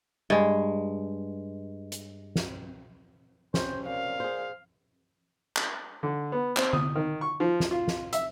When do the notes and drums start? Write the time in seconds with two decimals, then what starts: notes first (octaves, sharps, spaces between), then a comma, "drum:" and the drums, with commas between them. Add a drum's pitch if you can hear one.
0.30 G2 G#3
1.92 drum: hi-hat
2.36 drum: snare
3.54 C3 C4 C#4 C5, drum: snare
3.87 A#2 F5
4.20 G#4 C5
5.56 drum: clap
6.03 D3
6.32 B3
6.57 C4, drum: clap
6.73 D#6, drum: tom D3
6.95 D#3
7.21 C#6
7.40 F3
7.60 drum: snare
7.71 F4
7.88 drum: snare
8.13 E5, drum: hi-hat